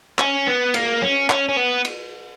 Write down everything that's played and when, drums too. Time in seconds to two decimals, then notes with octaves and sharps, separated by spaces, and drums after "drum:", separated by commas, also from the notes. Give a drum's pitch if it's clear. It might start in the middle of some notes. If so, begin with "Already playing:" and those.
0.19 C#4, drum: clap
0.47 B3
0.74 A#3, drum: cymbal
1.02 C#4
1.30 C#4, drum: clap
1.49 C#4
1.56 B3
1.85 drum: cymbal